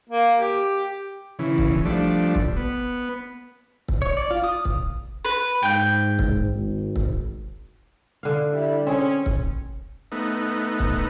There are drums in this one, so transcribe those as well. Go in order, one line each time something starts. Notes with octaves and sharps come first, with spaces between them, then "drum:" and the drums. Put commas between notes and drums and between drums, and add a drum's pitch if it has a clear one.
A#3
G4
C#3 E3
drum: kick
F3 G3 A3 D4
drum: kick
B3
drum: kick
C#5
D5
F4
D#6
drum: kick
B4
G#2 G5 G6
drum: kick
G#1
drum: kick
D3 F5
G3 E4
C4 C#4 G#4
drum: kick
A3 B3 D#4
drum: kick